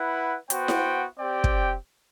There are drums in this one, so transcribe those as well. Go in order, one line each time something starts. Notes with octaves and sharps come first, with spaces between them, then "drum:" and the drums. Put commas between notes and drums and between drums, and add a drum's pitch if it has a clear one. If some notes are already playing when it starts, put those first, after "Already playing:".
Already playing: E4 B4 F#5
B3 F#4 C5 G5, drum: hi-hat
drum: snare E4
C4 G4 D5 G5
drum: kick